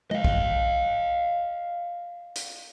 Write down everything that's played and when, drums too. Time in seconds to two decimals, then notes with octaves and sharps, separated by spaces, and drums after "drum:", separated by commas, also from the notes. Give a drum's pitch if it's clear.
0.11 D#5 F5, drum: tom G#3
0.24 drum: kick
2.35 drum: hi-hat